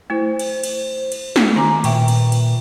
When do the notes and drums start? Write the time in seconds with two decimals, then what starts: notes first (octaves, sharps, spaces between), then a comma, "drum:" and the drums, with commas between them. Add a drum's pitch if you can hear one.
0.10 A3 E4 C5
0.39 drum: cymbal
0.64 drum: cymbal
1.12 drum: cymbal
1.36 drum: snare
1.56 D#3 G#5 A#5 D6
1.84 A#2 B4 E5 G5 C#6, drum: cymbal
2.08 drum: cymbal
2.32 drum: cymbal